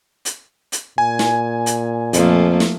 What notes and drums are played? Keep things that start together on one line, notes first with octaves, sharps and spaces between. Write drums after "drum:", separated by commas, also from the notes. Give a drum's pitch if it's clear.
drum: hi-hat
drum: hi-hat
A#2 G#5
drum: snare
drum: hi-hat
F2 F3 A3 A#3, drum: hi-hat
drum: snare